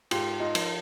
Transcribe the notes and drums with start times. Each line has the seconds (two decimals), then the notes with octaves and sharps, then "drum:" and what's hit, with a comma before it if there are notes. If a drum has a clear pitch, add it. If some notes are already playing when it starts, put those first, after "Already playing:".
0.11 G#2 F4 G4, drum: cymbal
0.40 D#4 F4
0.55 F3, drum: cymbal